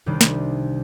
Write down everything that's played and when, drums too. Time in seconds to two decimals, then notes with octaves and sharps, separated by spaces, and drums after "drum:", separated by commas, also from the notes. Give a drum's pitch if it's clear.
0.06 C2 C3 D#3 G3 D4
0.21 drum: snare